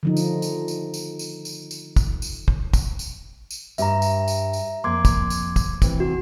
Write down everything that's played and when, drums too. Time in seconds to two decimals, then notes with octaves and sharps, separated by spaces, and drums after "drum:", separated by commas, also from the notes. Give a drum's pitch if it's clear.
0.03 D3 F3 D#4
0.17 drum: tambourine
0.42 drum: tambourine
0.68 drum: tambourine
0.94 drum: tambourine
1.19 drum: tambourine
1.45 drum: tambourine
1.71 drum: tambourine
1.96 drum: kick, tambourine
2.22 drum: tambourine
2.48 drum: kick
2.73 drum: kick, tambourine
2.99 drum: tambourine
3.51 drum: tambourine
3.78 G2 G4 E5 A#5, drum: tambourine
4.02 drum: tambourine
4.28 drum: tambourine
4.53 drum: tambourine
4.84 F2 A#3 C6 D6 G#6
5.05 drum: kick, tambourine
5.30 drum: tambourine
5.56 drum: kick, tambourine
5.82 C3 E3 C4, drum: kick, tambourine
6.00 F#4